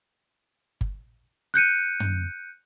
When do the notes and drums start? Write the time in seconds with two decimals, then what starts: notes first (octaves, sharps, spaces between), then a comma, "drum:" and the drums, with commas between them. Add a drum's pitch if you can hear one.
0.81 drum: kick G1
1.54 F#6 G6 C#7 D#7
2.00 drum: tom